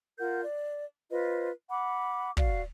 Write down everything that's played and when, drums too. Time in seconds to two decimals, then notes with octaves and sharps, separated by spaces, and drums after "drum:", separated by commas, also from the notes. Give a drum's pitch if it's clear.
0.19 F4 A#4 F#5 G6
0.43 D5
1.11 F4 B4 C5 D#5
1.69 F#5 B5 D6
2.37 F#4 D5 F5, drum: kick